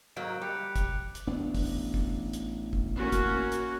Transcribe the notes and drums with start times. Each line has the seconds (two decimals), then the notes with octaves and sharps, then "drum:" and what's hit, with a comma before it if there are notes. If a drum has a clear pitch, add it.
0.16 G#2 F#3 A#3 G6 D7
0.42 G3 D6 F#6 C#7
0.76 drum: kick, hi-hat
1.15 drum: hi-hat
1.27 A1 B3 D4
1.55 drum: kick, open hi-hat
1.94 drum: kick
2.33 drum: hi-hat
2.73 drum: kick
2.97 A#3 C#4 F#4
3.12 drum: kick, hi-hat
3.52 drum: hi-hat